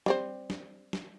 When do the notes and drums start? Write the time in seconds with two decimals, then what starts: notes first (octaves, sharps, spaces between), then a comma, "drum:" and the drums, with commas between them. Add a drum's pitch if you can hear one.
0.06 G3 C4 C5, drum: snare
0.50 drum: snare
0.93 drum: snare